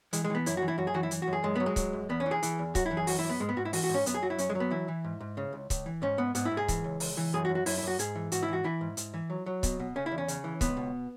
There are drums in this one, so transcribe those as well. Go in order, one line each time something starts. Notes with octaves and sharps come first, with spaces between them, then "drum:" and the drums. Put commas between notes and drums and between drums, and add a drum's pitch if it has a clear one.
E3 G#3, drum: hi-hat
G#3
E3 B3
F#2 E4, drum: hi-hat
E3 F#4
E4
F#2 F#4
G#4
E3 F#4
E4
E3, drum: hi-hat
F#4
F#2
G#4
F#2 G#3
F#3 B3
G#3
F#3, drum: kick C#1, hi-hat
F#2
E2 B3
C#4
E3
G#4
E3, drum: hi-hat
E2
F#2 F#4, drum: kick C#1, hi-hat
E4
E3
G#4
F#2 F#4, drum: open hi-hat
E4
F#2
B3
G#2 G#3
B3
G#2 F#4
E4
E3 F#4, drum: open hi-hat
F#4
G#2
C#4
F#2 B3, drum: hi-hat
G#4
F#3 F#4
E4
F#2 C#4, drum: hi-hat
G#3
F#3
B3
E3 E4
E3
G#2
G#2
C#3
C#2
C#2, drum: kick C#1, hi-hat
E3
G#2 C#4
G#2 B3
G#2 B3, drum: hi-hat
E4
G#2
G#4
E3, drum: kick C#1, hi-hat
C#2
C#2, drum: open hi-hat
E3
F#2 G#4
F#4
F#2
F#4
F#2 E4, drum: open hi-hat
E4
F#2 F#4
G#2 G#4, drum: hi-hat
E3
G#2 F#4, drum: hi-hat
E4
E3 F#4
E3 E4
G#2
G#2, drum: hi-hat
E3
F#3
F#3
B2, drum: kick C#1, hi-hat
B2
C#3 C#4
E4
E2
C#4
C#3, drum: hi-hat
E3
C#2 B3, drum: kick C#1, hi-hat
B2